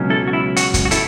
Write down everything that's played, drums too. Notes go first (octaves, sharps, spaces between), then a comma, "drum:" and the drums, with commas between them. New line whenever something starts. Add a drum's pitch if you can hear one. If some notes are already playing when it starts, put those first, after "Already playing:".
Already playing: C#2 B2 F#3 C#4
E4 A4
F#4
E4
F#4, drum: hi-hat
drum: kick, hi-hat
F#4
E4 A4, drum: hi-hat